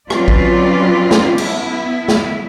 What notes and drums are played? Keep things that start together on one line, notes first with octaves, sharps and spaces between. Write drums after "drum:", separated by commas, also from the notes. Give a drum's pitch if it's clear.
F#3 C4 C#4 F4 B4 D5, drum: rim click
drum: kick
drum: snare
B3 E4, drum: cymbal
drum: snare